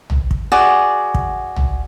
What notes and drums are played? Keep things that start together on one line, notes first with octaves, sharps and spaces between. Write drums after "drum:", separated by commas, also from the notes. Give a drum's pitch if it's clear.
drum: tom A#1
drum: kick
F#4 G#4 D5 F#5
drum: kick
drum: tom A#1